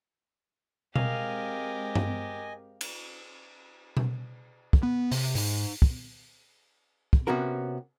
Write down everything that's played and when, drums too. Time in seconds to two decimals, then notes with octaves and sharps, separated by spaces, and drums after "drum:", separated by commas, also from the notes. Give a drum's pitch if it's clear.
0.96 G#3 C4 G4 A#4 D#5 F5 G#5, drum: tom B2
1.95 drum: tom G2
2.81 drum: cymbal
3.97 drum: tom B2
4.73 drum: kick
4.83 B3
5.11 C3, drum: open hi-hat
5.35 G#2, drum: open hi-hat
5.82 drum: kick
7.13 drum: kick
7.27 C3 B3 C#4 F#4 A#4